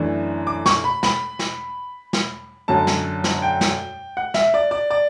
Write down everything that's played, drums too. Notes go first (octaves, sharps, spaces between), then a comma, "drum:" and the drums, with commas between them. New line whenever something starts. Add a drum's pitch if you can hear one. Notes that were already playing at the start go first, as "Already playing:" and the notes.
Already playing: F#2 E3 A3 D4
D6
C#6, drum: snare
B5
B5, drum: snare
drum: snare
drum: snare
F#2 D3 F#3 A5
drum: snare
drum: snare
G5
drum: snare
F#5
E5, drum: snare
D5
D5
D5